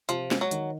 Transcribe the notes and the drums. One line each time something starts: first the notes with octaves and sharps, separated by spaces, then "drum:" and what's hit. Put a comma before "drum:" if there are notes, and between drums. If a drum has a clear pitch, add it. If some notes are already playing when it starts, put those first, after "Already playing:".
C3 F3, drum: hi-hat
G#3, drum: snare
F#3
D#3, drum: hi-hat